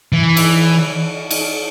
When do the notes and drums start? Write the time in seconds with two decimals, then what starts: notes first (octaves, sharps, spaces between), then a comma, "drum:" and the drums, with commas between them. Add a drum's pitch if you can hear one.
0.13 E3
0.37 drum: cymbal
1.31 drum: cymbal